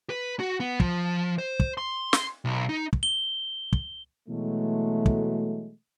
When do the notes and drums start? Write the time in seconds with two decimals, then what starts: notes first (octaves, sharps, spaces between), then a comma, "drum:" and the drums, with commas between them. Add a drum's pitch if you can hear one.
0.10 B4
0.40 F#4
0.60 B3
0.80 F3, drum: kick
1.38 C5
1.60 drum: kick
1.78 C6
2.13 drum: snare
2.45 B1
2.69 D#4
2.93 drum: kick
3.03 G7
3.73 drum: kick
4.29 B2 E3 F#3 G#3 A3
5.06 drum: kick